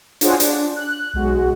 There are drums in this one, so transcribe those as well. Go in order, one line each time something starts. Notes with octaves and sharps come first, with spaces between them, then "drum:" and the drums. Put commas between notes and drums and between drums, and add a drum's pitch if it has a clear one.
D4 F4 F#4 G#4 C5 C#5, drum: hi-hat
D4, drum: hi-hat
F#6
B1 G#3 F#4